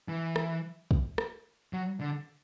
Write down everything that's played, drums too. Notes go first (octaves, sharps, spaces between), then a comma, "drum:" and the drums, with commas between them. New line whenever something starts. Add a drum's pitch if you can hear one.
E3
drum: rim click
drum: kick
drum: rim click
F#3
D3